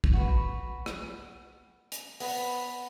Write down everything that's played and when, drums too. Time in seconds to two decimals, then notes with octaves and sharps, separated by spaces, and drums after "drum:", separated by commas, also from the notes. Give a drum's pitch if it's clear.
0.04 drum: kick
0.13 F#4 B4
0.86 drum: rim click
1.92 drum: hi-hat
2.20 B3, drum: open hi-hat